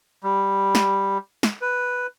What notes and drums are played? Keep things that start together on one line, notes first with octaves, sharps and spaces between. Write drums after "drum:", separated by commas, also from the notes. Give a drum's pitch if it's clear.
G3
drum: snare
drum: snare
B4